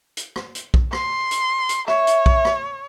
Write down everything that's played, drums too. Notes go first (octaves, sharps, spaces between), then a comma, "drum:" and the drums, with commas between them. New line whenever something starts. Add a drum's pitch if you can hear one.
drum: hi-hat
drum: rim click
drum: hi-hat
drum: kick B1
C6, drum: rim click
drum: hi-hat
drum: hi-hat
C#5 E5, drum: rim click
drum: hi-hat
drum: kick B1
drum: rim click